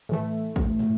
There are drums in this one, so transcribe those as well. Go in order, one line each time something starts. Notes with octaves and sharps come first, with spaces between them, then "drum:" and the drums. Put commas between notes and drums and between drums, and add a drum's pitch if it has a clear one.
A2 E3 A3
drum: kick A1
drum: tom